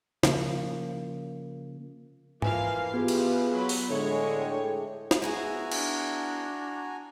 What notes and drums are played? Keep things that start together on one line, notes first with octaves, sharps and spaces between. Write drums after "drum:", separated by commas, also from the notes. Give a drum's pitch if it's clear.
C#3 F3 A#3, drum: snare
E3 F3 A#3 F5 G#5, drum: tom G#2
B3 F4 G4 G#4 B4
drum: cymbal
F#3 B5
drum: open hi-hat
A2 D3 G#3 C#5
G#4 G5
drum: snare
B3 E4 F#4 G#4 G#5 A#5
D4, drum: cymbal